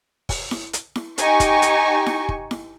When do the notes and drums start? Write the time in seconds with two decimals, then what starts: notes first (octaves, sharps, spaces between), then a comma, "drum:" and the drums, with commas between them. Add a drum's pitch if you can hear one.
0.29 drum: kick, open hi-hat
0.51 drum: snare E4
0.73 drum: hi-hat
0.96 drum: snare E4
1.18 D#4 G4 G#5 C#6, drum: hi-hat
1.40 drum: kick, hi-hat
1.62 drum: hi-hat
2.06 drum: snare E4
2.29 drum: kick
2.51 drum: snare E4